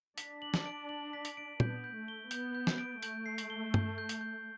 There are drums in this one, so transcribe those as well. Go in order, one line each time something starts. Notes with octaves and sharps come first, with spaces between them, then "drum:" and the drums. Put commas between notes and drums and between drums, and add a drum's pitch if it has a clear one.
D4 B6, drum: hi-hat
F#7
drum: snare
D7
F#7
B6
drum: hi-hat
D7
B3 G6, drum: tom
G6
A3
G7
B3 G6, drum: hi-hat
G6
drum: snare
D7
A3 G6, drum: hi-hat
C7
drum: hi-hat
G7
G6, drum: tom G2
G6
drum: hi-hat
G6